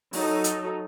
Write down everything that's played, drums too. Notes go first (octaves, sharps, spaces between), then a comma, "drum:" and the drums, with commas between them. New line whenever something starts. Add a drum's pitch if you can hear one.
F#3 D#4 A4, drum: open hi-hat
drum: hi-hat